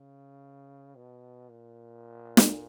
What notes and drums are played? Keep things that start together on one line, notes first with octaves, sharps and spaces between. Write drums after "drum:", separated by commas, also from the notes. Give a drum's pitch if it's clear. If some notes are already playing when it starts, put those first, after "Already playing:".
Already playing: C#3
B2
A#2
drum: snare